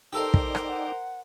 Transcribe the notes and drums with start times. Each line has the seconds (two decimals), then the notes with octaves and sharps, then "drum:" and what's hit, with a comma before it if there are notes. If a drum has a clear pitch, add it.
0.13 D#4 G4 A4 A#4 C5 D5 F5 G5
0.34 drum: kick
0.55 drum: rim click
0.68 F#5